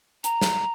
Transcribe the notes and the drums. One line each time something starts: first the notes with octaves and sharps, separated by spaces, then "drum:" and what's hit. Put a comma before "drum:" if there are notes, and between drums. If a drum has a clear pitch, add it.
A#5, drum: hi-hat
drum: snare